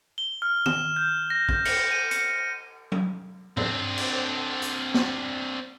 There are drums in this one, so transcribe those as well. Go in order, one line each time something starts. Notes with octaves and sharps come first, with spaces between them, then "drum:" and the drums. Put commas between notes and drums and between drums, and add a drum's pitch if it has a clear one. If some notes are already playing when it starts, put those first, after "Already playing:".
G7
F6
E7, drum: tom D#3
G6
A#6
G6, drum: kick
C#7, drum: cymbal
D#7
C#7, drum: hi-hat
drum: tom F#3
C4 D4, drum: tom G2
drum: cymbal
drum: hi-hat
drum: snare